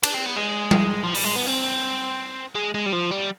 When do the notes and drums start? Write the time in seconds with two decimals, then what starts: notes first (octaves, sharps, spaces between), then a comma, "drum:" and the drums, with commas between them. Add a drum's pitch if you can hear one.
0.03 D4, drum: cymbal
0.14 C4
0.26 B3
0.36 G#3
0.71 drum: tom G3
1.04 F3
1.15 G3, drum: open hi-hat
1.24 G#3
1.36 B3
1.46 C4
2.55 G#3
2.74 G#3
2.86 G3
2.93 F3
3.11 G3